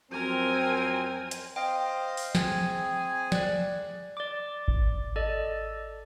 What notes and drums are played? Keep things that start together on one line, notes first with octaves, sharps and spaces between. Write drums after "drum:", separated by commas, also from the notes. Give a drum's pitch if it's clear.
F#2 F3 C4 A#4 G#5
drum: hi-hat
C5 D#5 F5 G5
drum: open hi-hat
C4 G#4 G#5, drum: snare
D5 F#6, drum: snare
D5 D6
drum: kick G#1
A4 D5 D#5